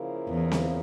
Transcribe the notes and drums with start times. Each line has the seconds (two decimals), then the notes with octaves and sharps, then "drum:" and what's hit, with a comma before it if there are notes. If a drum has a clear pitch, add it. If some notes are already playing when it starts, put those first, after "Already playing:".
Already playing: C#3 F3 A#3 E4 A#4
0.28 E2
0.52 drum: snare C4